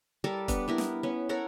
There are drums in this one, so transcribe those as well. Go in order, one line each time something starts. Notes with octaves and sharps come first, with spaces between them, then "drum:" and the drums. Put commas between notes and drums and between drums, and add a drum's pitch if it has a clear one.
G3 A4 A#4 A5
B3 D4, drum: kick, hi-hat
B3 E4 A#4
drum: snare
B3 C#4
A4 A#4 C#5 F#5